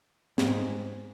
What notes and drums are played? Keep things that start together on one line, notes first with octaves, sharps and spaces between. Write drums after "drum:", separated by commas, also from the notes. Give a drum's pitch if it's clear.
G#2, drum: snare